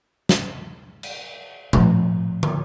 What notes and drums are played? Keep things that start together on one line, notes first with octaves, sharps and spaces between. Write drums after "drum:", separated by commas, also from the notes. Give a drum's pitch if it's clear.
drum: snare
drum: cymbal
A2 F3, drum: tom A#2
drum: tom